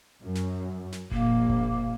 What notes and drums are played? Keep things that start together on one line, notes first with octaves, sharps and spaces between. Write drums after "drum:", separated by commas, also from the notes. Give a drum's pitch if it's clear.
F#2
drum: snare
drum: snare
A#1 A#3, drum: kick F1
drum: kick F1